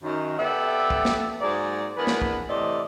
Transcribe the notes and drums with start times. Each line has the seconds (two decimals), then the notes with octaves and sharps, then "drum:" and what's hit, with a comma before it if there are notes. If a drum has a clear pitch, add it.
0.03 F#2 D#3
0.38 B3 G4 A4 D5 E5 F#5
0.90 drum: kick
1.05 drum: snare
1.41 G#2 F#3 A#3 G#4 D5
1.97 E3 B3 D4 G#4 A#4 B4
2.07 drum: snare
2.22 drum: kick
2.49 A2 C3 E3 C5 D5 D#5